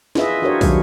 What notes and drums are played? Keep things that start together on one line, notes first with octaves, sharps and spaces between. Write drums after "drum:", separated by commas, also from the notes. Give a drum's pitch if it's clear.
E4 F4 G#4 B4 D#5 E5, drum: snare
D4 F#4 G4 A#4 C5 C#5
D#3 F#3 G3, drum: kick, open hi-hat